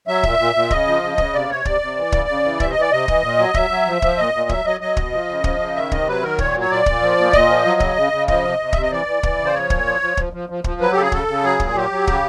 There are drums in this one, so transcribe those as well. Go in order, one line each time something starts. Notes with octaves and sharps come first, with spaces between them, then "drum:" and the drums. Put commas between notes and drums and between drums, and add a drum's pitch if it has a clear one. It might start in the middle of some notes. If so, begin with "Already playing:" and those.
F#3 E5
A#2, drum: kick
A#2
A#2
C#3 D#5, drum: kick
F3
C#3
C#3, drum: kick
C3 D5
C3 C#5
C3 D5, drum: kick
C3
E3
C#3, drum: kick
C#3
E3
C3 E5, drum: kick
D#5
E3
D5
C3 D#5
E3, drum: kick
A#2
F#3
F#3 E5, drum: kick
F#3
F3
F3, drum: kick
A#2 D#5
A#2
F#3 E5, drum: kick
F#3 D#5
F#3 D#5
B2, drum: kick
F3
C#3
F3, drum: kick
C#3
D#3 E5
C3 D#5, drum: kick
F#3 B4
D#3 A#4
A#2 C#5, drum: kick
F#3
C#5
A#2 D5
A#2, drum: kick
F3
A#2
A#2 D#5, drum: kick
F3
F#3
C#3, drum: kick
C#3
C#3
F3 D#5, drum: kick
C3
C3
C3 E5, drum: kick
D#5
E3 D5
E3
E3, drum: kick
C#3
C5
F3 C#5
A#2, drum: kick
F3
F3
F3, drum: kick
F3
F3
F3, drum: kick
F#3 B4
C#3 G4 A4
G#4
C#3 A4, drum: kick
C#3
F#3 G#4
A#2, drum: kick
F#3 G4
F#3
C#3, drum: kick